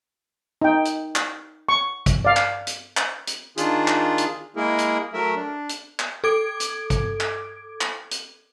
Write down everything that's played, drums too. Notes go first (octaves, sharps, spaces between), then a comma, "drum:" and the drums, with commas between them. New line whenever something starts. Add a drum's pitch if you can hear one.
D#4 G5
drum: hi-hat
drum: clap
C#6
drum: kick, hi-hat
D5 F5
drum: clap
drum: hi-hat
drum: clap
drum: hi-hat
D#3 D4 F4 G#4, drum: hi-hat
drum: clap
drum: hi-hat
G#3 A#3 E4 G#4 A#4
drum: hi-hat
F#3 A3 A#4 E5
D4
drum: hi-hat
drum: clap
A4 D6 G#6 D7
drum: hi-hat
drum: kick, hi-hat
drum: clap
drum: clap
drum: hi-hat